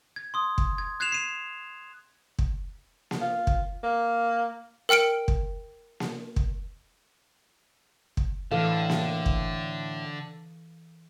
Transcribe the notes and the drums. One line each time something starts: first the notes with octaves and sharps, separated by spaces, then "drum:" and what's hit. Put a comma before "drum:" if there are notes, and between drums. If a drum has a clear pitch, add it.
G#6
C6 D#6
drum: kick
G#6
F#6 G#6 C7 E7 F7
C7 D#7
drum: kick
drum: snare A#3
F4
drum: kick
A#3
A#4 G5 F6 C#7 D7
drum: kick
drum: snare A#3
drum: kick
drum: kick
A2 D3 E3 A4 F5
drum: snare A#3
drum: kick